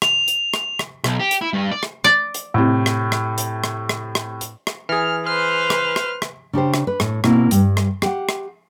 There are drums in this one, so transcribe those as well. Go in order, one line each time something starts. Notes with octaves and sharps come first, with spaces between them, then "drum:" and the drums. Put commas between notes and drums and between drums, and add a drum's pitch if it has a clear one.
F7, drum: rim click
drum: hi-hat
drum: rim click
drum: rim click
B1, drum: rim click
G4
drum: hi-hat
E4
G2
D5
drum: rim click
D5
drum: hi-hat
A2 C3
drum: rim click
drum: rim click
drum: hi-hat
drum: rim click
drum: rim click
drum: rim click
drum: hi-hat
drum: rim click
E3 G#4 F6
B4 C5 F6
drum: rim click
drum: rim click
drum: rim click
C#3 D4 G4 C5
drum: rim click
B4
A2, drum: rim click
B2 A#3 C4 E4, drum: rim click
G2 G3, drum: hi-hat
drum: rim click
G4 F#5, drum: rim click
drum: rim click